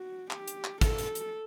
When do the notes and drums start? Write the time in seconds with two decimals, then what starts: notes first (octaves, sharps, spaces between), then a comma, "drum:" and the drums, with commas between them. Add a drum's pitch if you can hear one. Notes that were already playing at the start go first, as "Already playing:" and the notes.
Already playing: F#4
0.31 G4, drum: clap
0.48 drum: hi-hat
0.64 drum: clap
0.81 A4, drum: kick, hi-hat
0.98 drum: hi-hat
1.15 drum: hi-hat